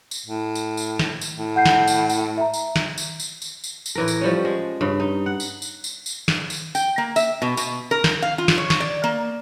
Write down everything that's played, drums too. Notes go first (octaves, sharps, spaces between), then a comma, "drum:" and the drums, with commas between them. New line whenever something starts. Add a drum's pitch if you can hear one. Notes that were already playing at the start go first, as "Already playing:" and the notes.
drum: tambourine
A2
drum: tambourine
drum: tambourine
drum: snare
drum: tambourine
A2
F#5 G6 C7
drum: snare
drum: tambourine
drum: tambourine
E5 A#5
drum: tambourine
drum: snare
drum: tambourine
drum: tambourine
drum: tambourine
drum: tambourine
drum: tambourine
A2 E3 A#4
drum: tambourine
F3 G3 A3 C#4
G#3
G2 C#3
D#4
F#5
drum: tambourine
drum: tambourine
drum: tambourine
drum: tambourine
drum: snare
drum: tambourine
G5, drum: tambourine
A#3
E5, drum: tambourine
B2
B2, drum: tambourine
A#4
drum: snare
F5
F4
drum: snare
C#5
drum: snare
D5
A#3